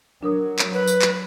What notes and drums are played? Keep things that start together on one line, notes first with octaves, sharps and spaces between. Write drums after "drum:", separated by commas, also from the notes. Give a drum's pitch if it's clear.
F#3 D4 A#4 D#6
drum: clap
B4
drum: tambourine
drum: clap